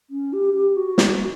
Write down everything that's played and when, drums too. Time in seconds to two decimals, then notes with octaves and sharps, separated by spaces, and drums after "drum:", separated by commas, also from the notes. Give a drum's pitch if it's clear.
0.10 C#4
0.33 G4
0.54 G4
0.76 F#4
0.98 drum: snare